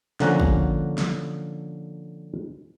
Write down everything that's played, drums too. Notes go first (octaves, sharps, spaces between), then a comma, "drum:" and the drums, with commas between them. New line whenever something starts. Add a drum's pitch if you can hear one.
D3 F3 A#3 C#4 F#5 A#5, drum: snare
drum: kick
drum: snare